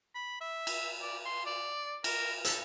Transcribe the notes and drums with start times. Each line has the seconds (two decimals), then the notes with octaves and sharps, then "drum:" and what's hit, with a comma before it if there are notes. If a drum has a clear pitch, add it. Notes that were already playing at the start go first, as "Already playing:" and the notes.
0.15 B5
0.41 E5
0.67 drum: cymbal
1.02 D5
1.25 C6
1.46 D5
2.04 A#4, drum: cymbal
2.45 A4, drum: hi-hat